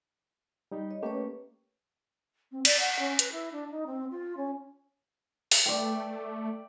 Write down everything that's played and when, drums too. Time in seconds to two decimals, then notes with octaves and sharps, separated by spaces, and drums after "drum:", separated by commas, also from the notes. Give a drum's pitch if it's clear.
0.71 G3 D#4 G4
0.90 C#5 D#5
1.03 A3 A#3 C#4 G4 B4 C#5
2.52 C4
2.65 D5, drum: cymbal
2.80 F#5
2.99 C#4
3.19 B4, drum: hi-hat
3.32 E4
3.52 D4
3.72 D#4
3.87 C4
4.11 F4
4.37 C#4
5.52 drum: open hi-hat
5.66 A3 D5 G5